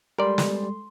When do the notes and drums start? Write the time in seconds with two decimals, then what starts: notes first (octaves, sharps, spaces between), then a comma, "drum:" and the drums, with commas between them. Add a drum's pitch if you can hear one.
0.18 G3 G#3 A4 A#4 D5 C6
0.38 drum: snare